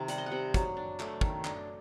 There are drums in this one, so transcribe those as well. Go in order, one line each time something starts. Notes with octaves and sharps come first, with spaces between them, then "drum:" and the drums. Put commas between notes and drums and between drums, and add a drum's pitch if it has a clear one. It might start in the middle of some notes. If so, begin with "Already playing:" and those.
Already playing: C3 D#3
G3 F#5, drum: hi-hat
D#5
F#5
C3
F#3, drum: kick, hi-hat
D4
A3, drum: clap
D#3, drum: kick
D4, drum: clap